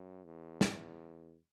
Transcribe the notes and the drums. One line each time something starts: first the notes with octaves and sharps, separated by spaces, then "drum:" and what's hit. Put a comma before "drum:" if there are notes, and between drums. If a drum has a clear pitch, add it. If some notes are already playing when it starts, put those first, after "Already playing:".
Already playing: F#2
E2
drum: snare